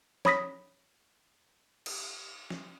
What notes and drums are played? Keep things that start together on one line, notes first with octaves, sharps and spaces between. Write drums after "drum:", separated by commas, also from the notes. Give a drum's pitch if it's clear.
C#5 B5 D#6 A#6 B6, drum: snare
drum: cymbal
drum: snare